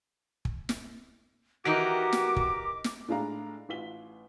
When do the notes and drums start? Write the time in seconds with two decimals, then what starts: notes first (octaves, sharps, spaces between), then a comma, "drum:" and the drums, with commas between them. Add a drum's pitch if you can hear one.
0.45 drum: kick
0.69 drum: snare
1.65 D#3 E3 D#4 F#4 G4 A#4 D6
2.13 drum: snare
2.36 drum: kick
2.84 drum: snare
3.08 A2 G#3 D4 F5 A#5
3.69 A1 F4 B6 G7